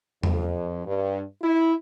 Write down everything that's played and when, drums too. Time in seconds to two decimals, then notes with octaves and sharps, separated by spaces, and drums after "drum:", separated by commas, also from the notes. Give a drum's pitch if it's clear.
0.23 F2, drum: tom E2
0.86 G2
1.42 E4